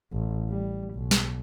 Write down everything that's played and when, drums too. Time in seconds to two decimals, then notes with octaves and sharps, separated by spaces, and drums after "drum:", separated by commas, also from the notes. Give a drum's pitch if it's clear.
0.13 A1
0.49 G3
0.95 B1
1.11 drum: snare